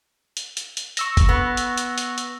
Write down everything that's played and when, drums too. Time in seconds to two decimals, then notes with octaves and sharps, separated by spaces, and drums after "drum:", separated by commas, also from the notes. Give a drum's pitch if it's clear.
0.37 drum: hi-hat
0.57 drum: hi-hat
0.77 drum: hi-hat
0.97 C#6 E6 A#6, drum: hi-hat
1.17 drum: kick F#1, hi-hat
1.29 B3
1.57 drum: hi-hat
1.77 drum: hi-hat
1.98 drum: hi-hat
2.18 drum: hi-hat